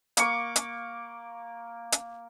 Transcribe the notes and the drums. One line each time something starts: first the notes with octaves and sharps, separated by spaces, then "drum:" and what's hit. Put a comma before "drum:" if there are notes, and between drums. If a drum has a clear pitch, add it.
A#3 C#6 D6, drum: hi-hat
drum: hi-hat
drum: hi-hat